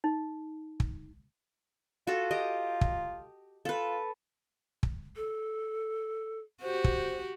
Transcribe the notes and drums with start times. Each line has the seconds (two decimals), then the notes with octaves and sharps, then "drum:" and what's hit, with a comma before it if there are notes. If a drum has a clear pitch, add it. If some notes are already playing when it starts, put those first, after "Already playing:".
0.04 D#4
0.80 drum: kick
2.07 F4 F#4 A4
2.31 G4 D#5
2.81 drum: kick
3.65 F4 A4 B4
4.83 drum: kick
5.16 A4
6.62 F#4 G4 C5
6.84 drum: kick